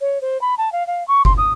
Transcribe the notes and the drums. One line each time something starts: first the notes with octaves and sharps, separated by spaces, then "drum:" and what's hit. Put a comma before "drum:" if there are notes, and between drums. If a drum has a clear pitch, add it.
C#5
C5
B5
A5
F5
F5
C#6
C6, drum: kick F#1
D#6